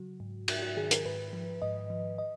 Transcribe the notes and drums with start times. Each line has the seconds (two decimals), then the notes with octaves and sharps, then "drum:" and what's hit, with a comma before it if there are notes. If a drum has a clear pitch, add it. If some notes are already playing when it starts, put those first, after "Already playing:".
Already playing: C#3 F#3 F#4
0.20 G#2
0.48 G#2 F#4, drum: cymbal
0.62 F#4
0.77 D#3 G#4
0.91 A#4, drum: hi-hat
1.05 G#2 B4
1.33 F3
1.62 G#2 D#5
1.90 F3
2.18 D#5